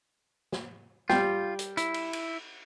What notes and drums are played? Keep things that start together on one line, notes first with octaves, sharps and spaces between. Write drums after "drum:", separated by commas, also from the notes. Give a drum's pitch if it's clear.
drum: snare
G3 F4 G5, drum: snare
drum: hi-hat
E4, drum: hi-hat
drum: cymbal
drum: cymbal